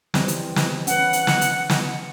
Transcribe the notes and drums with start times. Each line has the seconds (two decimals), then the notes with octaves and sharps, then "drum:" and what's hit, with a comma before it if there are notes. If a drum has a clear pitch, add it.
0.14 E3 G3 C4, drum: snare
0.28 drum: hi-hat
0.56 drum: snare
0.87 C#4 B4 F#5, drum: hi-hat
1.13 drum: hi-hat
1.27 drum: snare
1.41 drum: hi-hat
1.70 drum: snare